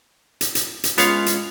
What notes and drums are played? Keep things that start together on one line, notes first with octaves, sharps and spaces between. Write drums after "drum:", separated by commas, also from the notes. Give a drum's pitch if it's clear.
drum: hi-hat
drum: hi-hat
drum: hi-hat
G#3 B3 C#4 F4 C#5 F5, drum: hi-hat
drum: hi-hat